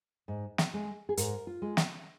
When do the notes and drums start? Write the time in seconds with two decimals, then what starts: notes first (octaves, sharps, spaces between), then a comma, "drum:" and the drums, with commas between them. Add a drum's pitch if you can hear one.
0.28 G#2
0.58 drum: snare
0.74 G#3
1.09 G#4
1.17 G#2 A#4, drum: hi-hat
1.47 F4
1.62 G#3
1.77 drum: snare